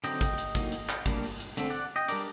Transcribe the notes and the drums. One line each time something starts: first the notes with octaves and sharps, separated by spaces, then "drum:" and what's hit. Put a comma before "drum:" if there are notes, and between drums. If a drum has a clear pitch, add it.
D3 F#3 C4 D#4 D#5 G5, drum: hi-hat
drum: kick, hi-hat
drum: hi-hat
F#3 A#3 D#4, drum: kick, hi-hat
drum: hi-hat
drum: clap
G3 A#3 D4, drum: kick, hi-hat
drum: open hi-hat
drum: hi-hat
D3 A3 C4, drum: hi-hat
D5 F#5
D#5 G5
G3 D4 A#4 D5, drum: hi-hat